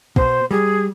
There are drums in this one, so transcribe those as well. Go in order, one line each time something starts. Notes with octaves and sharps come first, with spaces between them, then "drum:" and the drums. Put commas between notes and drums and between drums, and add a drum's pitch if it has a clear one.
B2 C5, drum: kick
G3 G#4